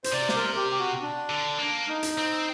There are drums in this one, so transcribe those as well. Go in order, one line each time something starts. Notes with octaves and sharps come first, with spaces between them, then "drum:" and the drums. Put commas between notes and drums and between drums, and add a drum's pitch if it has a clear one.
C5, drum: hi-hat
C3 D5
C5, drum: snare
A#4
G4
F#4
D4
D3
A#3
D#4
drum: hi-hat
C4